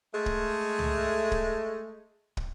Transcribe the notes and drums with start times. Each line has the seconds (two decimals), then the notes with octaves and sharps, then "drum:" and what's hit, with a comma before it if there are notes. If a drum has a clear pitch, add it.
0.13 G#3 A3
0.26 drum: kick
0.79 drum: tom
1.32 drum: kick
2.37 drum: kick